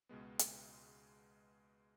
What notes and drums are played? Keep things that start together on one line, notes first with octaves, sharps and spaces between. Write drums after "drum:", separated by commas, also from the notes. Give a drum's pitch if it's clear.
C#2 B2 G#3 B3
drum: hi-hat